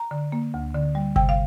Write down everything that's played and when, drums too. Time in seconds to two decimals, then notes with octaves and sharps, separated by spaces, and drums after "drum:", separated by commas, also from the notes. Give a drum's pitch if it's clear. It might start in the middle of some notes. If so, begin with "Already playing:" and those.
Already playing: A#5
0.11 D3
0.32 A#3
0.54 D2
0.74 D3
0.95 G3
1.16 C3 G5, drum: kick G1
1.29 F5